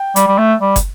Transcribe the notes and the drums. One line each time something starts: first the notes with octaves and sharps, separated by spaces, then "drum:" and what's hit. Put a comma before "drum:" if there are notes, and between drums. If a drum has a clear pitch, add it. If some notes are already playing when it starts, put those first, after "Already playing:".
Already playing: G5
G3, drum: hi-hat
G3
A3
G3
drum: kick, hi-hat